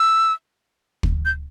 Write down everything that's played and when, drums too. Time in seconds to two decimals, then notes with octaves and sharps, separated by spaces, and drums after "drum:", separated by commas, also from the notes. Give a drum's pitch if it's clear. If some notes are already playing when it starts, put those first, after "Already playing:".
Already playing: E6
1.03 drum: kick
1.25 G6